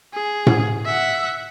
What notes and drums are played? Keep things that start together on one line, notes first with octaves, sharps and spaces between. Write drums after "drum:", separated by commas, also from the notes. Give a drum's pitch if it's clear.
G#4
drum: tom A2
E5 F#5